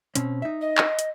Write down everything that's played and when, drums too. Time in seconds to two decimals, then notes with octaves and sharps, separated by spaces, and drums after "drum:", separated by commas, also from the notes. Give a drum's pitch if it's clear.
0.15 B2 C4 C#4, drum: hi-hat
0.42 D#4 E5
0.61 D#5
0.78 drum: clap
0.99 drum: hi-hat